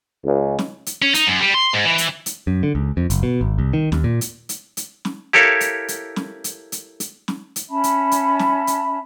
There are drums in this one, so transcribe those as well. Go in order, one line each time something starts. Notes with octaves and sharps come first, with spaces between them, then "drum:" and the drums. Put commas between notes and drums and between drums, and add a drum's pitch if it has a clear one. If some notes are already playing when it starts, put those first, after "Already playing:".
C#2
drum: snare
drum: hi-hat
C#4
D#4, drum: hi-hat
F#2
G3
C6
G#2
E3
drum: hi-hat
drum: hi-hat
F#2
D3
C#2
F2
F#1, drum: hi-hat
B2
G#1
C2
D#3
D#2, drum: snare
A#2
drum: hi-hat
drum: hi-hat
drum: hi-hat
drum: snare
E4 G4 A4 A#4 C#5 F5
drum: hi-hat
drum: hi-hat
drum: snare
drum: hi-hat
drum: hi-hat
drum: hi-hat
drum: snare
drum: hi-hat
C#4 E5 A5 B5
drum: hi-hat
drum: hi-hat
drum: snare
drum: hi-hat